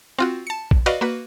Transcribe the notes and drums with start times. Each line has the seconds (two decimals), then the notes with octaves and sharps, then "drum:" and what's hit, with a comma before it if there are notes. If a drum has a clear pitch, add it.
0.19 C4 F4 F#4
0.47 A5 C#7
0.71 drum: kick
0.86 F#4 B4 D5 D#5 F5
1.01 A#3 F#4 B4